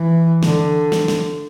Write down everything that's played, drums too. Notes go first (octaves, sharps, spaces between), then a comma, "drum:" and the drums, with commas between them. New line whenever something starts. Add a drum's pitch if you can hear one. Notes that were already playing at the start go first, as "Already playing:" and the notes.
Already playing: E3
D3, drum: snare
drum: snare
drum: snare